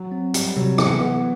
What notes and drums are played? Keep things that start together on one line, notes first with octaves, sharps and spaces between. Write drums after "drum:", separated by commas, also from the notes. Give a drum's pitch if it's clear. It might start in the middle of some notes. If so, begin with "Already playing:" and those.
Already playing: F#3
C4
G3 G4, drum: hi-hat
C3 F#3
E3 B3, drum: rim click
B3